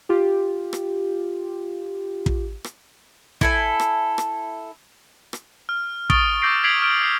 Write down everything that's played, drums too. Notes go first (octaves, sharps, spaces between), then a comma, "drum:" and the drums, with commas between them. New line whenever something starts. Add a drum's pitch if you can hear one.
F4 G4
drum: rim click
drum: kick
drum: rim click
E4 A4 G#5, drum: kick
drum: rim click
drum: rim click
drum: rim click
F6
C#6 D#6 A6 D7 G7, drum: kick
D6 E6 G6 A#6 C7 D7
G#6 B6 C7 D7 F7 F#7
F6 D7
G6 C7